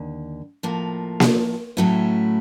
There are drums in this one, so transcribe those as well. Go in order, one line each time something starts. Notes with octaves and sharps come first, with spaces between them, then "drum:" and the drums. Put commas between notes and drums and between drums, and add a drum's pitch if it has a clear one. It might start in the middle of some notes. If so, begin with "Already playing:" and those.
Already playing: D#2 D3
A2 F3 A#3
drum: snare A#3
A2 F#3 A3 C#4 E4